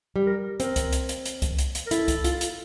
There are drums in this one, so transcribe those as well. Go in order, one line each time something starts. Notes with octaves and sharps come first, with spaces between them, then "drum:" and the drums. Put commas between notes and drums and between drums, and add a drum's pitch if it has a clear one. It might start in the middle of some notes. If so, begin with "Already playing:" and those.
G3
A#4
C4 A#4, drum: hi-hat
drum: kick C2, hi-hat
drum: hi-hat
drum: hi-hat
drum: hi-hat
drum: kick C2, hi-hat
drum: hi-hat
drum: hi-hat
A#4
E4 A4, drum: hi-hat
drum: kick C2, hi-hat
F4, drum: hi-hat
drum: hi-hat